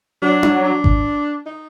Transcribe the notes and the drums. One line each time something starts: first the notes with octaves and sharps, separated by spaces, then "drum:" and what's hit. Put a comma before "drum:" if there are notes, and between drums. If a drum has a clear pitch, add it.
F#3 D4
drum: tom D4
D4
drum: kick G#1
D#4